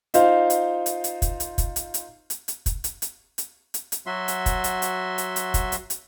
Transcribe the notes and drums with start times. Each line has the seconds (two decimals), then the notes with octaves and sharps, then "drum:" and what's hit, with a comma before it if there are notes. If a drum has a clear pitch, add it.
0.14 D#4 F4 C5 F5, drum: hi-hat
0.50 drum: hi-hat
0.86 drum: hi-hat
1.04 drum: hi-hat
1.22 drum: kick, hi-hat
1.40 drum: hi-hat
1.58 drum: kick, hi-hat
1.76 drum: hi-hat
1.94 drum: hi-hat
2.30 drum: hi-hat
2.48 drum: hi-hat
2.66 drum: kick, hi-hat
2.84 drum: hi-hat
3.02 drum: hi-hat
3.38 drum: hi-hat
3.74 drum: hi-hat
3.92 drum: hi-hat
4.06 F#3 F#4 E5 C6
4.28 drum: hi-hat
4.46 drum: kick, hi-hat
4.64 drum: hi-hat
4.82 drum: hi-hat
5.18 drum: hi-hat
5.36 drum: hi-hat
5.54 drum: kick, hi-hat
5.72 drum: hi-hat
5.90 drum: hi-hat